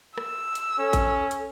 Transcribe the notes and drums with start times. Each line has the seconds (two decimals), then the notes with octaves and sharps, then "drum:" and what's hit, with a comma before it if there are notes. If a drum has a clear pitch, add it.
0.18 E6, drum: rim click
0.55 drum: hi-hat
0.78 C#4 A4
0.93 drum: kick A1, hi-hat
1.31 drum: hi-hat